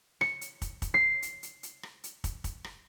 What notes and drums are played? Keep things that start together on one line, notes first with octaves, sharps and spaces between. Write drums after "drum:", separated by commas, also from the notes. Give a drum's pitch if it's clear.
C#7, drum: rim click
drum: hi-hat
drum: kick, hi-hat
drum: kick, hi-hat
C7
drum: hi-hat
drum: hi-hat
drum: hi-hat
drum: rim click
drum: hi-hat
drum: kick, hi-hat
drum: kick, hi-hat
drum: rim click